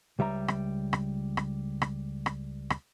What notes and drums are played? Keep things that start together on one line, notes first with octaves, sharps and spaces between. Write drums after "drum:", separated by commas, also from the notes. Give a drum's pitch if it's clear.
C#2 G3 E5 A#5
drum: rim click
drum: rim click
drum: rim click
drum: rim click
drum: rim click
drum: rim click